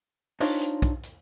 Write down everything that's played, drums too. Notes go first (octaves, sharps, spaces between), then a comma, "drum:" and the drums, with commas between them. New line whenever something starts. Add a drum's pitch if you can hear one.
D4 D#4 F4 C5 C#5, drum: open hi-hat
drum: hi-hat
drum: kick, hi-hat
drum: hi-hat